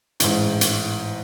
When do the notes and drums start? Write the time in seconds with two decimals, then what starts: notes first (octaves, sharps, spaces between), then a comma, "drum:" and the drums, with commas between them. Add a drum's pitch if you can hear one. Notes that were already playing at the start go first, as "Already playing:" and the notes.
0.20 A1 G#2, drum: hi-hat
0.61 drum: hi-hat